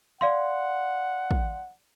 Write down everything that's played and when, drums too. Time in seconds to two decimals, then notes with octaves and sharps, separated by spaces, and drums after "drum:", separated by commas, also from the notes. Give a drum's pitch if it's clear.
0.21 D5 F5 F#5 C6
1.31 drum: kick